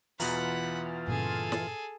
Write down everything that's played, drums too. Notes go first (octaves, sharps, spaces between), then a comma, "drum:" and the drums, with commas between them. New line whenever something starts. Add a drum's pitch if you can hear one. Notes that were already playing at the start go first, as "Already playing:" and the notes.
E2 B2 E3 F4 F#5 A#5 B5, drum: open hi-hat
G2 A#2 C#3 G#4 A4
drum: snare